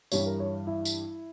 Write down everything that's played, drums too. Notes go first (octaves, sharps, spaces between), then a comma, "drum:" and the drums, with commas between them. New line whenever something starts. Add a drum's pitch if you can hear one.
G2 E3 G3 C#5, drum: tambourine
A#4
C#5
E4
drum: tambourine